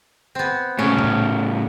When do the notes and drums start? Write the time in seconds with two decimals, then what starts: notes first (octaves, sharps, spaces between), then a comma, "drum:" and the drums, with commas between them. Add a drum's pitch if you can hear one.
0.35 B3 C4
0.79 A2 C#3 C#4
0.99 drum: tom A#2